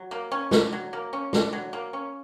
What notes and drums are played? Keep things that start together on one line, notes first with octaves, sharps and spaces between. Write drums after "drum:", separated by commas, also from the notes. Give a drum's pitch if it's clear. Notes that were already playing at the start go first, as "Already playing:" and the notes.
Already playing: F#3
A#3
C#4
D3, drum: snare
F#3
A#3
C#4
D3, drum: snare
F#3
A#3
C#4